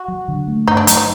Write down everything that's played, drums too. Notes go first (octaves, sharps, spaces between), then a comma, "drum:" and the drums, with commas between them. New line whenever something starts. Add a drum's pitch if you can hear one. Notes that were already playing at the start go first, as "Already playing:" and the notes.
Already playing: F#4
F#3
D3
A3
G2 D#4
D4
F#3 D#4, drum: hi-hat
D#4